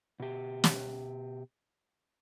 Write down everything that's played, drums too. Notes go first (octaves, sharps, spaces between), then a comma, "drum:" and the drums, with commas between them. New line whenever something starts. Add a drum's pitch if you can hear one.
B2 G4
drum: snare